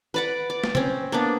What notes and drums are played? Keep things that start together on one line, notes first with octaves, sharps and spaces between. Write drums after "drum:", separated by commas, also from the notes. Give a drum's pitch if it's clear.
B4 D5 F#5
D5
drum: snare
C4 C#4, drum: tom
A#3 B3 D4